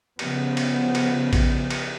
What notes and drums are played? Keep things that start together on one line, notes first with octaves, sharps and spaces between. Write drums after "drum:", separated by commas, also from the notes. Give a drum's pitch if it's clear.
C#3 F3 B3, drum: cymbal
drum: cymbal
drum: cymbal
drum: kick, cymbal
drum: cymbal